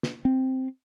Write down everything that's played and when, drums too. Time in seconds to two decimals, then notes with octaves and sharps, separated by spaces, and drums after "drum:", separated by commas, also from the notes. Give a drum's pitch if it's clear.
0.03 drum: snare
0.25 C4